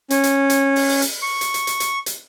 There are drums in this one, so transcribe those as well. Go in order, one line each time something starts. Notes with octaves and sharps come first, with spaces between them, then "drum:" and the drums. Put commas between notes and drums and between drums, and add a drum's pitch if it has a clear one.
C#4, drum: hi-hat
drum: hi-hat
drum: hi-hat
drum: open hi-hat
drum: open hi-hat
drum: hi-hat
C#6
drum: hi-hat
drum: hi-hat
drum: hi-hat
drum: hi-hat
drum: hi-hat